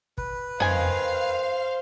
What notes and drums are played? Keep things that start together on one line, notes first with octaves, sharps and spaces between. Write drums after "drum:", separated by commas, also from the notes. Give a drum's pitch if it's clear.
B4, drum: kick
D#3 C5 F5 G#5, drum: tom